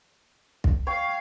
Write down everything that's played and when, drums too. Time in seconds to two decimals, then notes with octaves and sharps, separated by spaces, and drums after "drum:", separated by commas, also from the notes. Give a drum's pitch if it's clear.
0.64 drum: kick
0.87 C#5 F5 G5